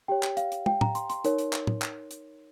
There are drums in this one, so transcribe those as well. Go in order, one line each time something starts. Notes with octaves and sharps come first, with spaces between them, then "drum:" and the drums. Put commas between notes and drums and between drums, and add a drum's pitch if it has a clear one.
G4 C#5 G5
drum: clap
F5, drum: hi-hat
drum: hi-hat
G5, drum: tom
A#5, drum: tom
C6, drum: hi-hat
C6, drum: hi-hat
D#4 A#4 C#5, drum: hi-hat
drum: hi-hat
drum: clap
drum: tom
drum: clap
drum: hi-hat